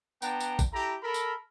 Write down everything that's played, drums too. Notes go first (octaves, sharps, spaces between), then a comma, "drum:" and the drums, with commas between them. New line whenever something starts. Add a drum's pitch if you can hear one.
B3 D4 F#5 G5 A5 A#5, drum: tambourine
drum: tambourine
drum: kick A1, tambourine
E4 G4 A4 A#5
A4 A#4 B5
drum: tambourine